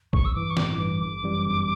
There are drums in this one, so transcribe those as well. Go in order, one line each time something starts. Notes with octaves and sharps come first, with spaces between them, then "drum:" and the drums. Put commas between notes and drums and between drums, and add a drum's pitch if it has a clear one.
A1 C#6, drum: kick A#1
E6
G2 E3 D6
C#6
A1 D6, drum: snare
G2 E3 D6
G1 D6
F#2 E3 G3
G1